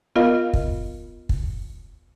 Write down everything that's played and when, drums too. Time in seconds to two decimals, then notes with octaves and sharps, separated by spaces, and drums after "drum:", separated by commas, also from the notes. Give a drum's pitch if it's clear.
0.16 B3 F4 A#4 D#5 F5
0.53 drum: kick
1.29 drum: kick